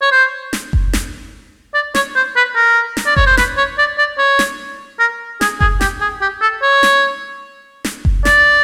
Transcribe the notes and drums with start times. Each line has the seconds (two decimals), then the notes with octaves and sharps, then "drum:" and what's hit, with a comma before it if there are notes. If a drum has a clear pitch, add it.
0.02 C#5
0.12 C5
0.53 drum: snare
0.73 drum: kick F#1
0.93 drum: snare
1.74 D5
1.95 C#5, drum: snare
2.16 C5
2.36 B4
2.56 A#4
2.97 drum: snare
3.06 D5
3.16 C#5, drum: kick F#1
3.27 C5
3.37 B4, drum: snare
3.57 C#5
3.79 D5
3.98 D5
4.18 C#5
4.39 drum: snare
5.00 A#4
5.41 G#4, drum: snare
5.61 G#4, drum: kick F#1
5.81 G4, drum: snare
6.01 G#4
6.21 G4
6.42 A4
6.62 C#5
6.83 drum: snare
7.84 drum: snare
8.05 drum: kick F#1
8.25 D5, drum: snare